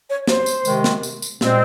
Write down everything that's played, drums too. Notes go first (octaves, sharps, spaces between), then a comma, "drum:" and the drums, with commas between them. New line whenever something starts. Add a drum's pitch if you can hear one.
C#5
C5, drum: snare
drum: tambourine
C3 D#3 G#3, drum: tambourine
drum: snare
drum: tambourine
drum: tambourine
A#2 G#3 C4, drum: snare